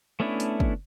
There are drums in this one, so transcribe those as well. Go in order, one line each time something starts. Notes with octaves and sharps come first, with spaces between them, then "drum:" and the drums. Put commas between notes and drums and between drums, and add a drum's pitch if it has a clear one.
A3 B3 C#4 D4 E4
drum: hi-hat
drum: kick